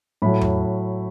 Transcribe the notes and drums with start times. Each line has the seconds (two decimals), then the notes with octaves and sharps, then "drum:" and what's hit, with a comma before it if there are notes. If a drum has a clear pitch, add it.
0.22 A2 F#3 A3 B5
0.41 drum: tom E2